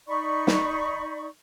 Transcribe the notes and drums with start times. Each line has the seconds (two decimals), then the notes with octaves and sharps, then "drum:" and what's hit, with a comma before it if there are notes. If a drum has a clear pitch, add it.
0.08 D#4 D5 B5 C#6
0.47 drum: snare